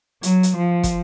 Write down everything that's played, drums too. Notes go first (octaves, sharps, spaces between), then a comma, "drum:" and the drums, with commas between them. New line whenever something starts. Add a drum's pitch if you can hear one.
F#3, drum: hi-hat
drum: hi-hat
F3
drum: kick, hi-hat